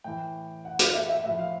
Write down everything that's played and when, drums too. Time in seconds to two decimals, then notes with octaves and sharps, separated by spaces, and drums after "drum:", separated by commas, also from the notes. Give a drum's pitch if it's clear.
0.04 A2 E3 G5
0.65 F#5
0.79 F5, drum: hi-hat
0.94 E5
1.09 E5
1.24 A2 F3 E5
1.39 F5